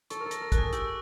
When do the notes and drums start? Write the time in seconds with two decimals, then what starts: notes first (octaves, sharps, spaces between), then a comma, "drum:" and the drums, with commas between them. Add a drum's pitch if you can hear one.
0.10 A4 C#6, drum: hi-hat
0.20 A#4
0.26 A4
0.31 A#6, drum: hi-hat
0.41 A#4
0.52 A4 F#6, drum: kick, hi-hat
0.58 G#4
0.73 G4 E6, drum: hi-hat